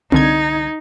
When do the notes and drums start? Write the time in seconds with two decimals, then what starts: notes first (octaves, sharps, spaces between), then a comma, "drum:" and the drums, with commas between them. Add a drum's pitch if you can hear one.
0.12 C2 D3 D#4 G#6, drum: tom C4